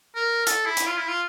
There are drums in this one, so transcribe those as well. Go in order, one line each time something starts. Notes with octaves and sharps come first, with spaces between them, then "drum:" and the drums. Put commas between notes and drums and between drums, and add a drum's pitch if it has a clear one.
A#4
A4, drum: hi-hat
E4
drum: hi-hat
F4
E4
F4